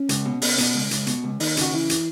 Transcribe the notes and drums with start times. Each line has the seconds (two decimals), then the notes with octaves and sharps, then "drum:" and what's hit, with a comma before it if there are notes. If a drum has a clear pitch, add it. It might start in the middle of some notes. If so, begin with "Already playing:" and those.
Already playing: C#4
0.09 C#2, drum: hi-hat
0.25 B2
0.42 B2, drum: open hi-hat
0.58 B2, drum: hi-hat
0.74 C#2
0.91 C#2, drum: hi-hat
1.07 B2, drum: hi-hat
1.24 C#2
1.40 D#2 D#4, drum: open hi-hat
1.57 C#3 F#4, drum: hi-hat
1.73 E3 E4
1.90 drum: hi-hat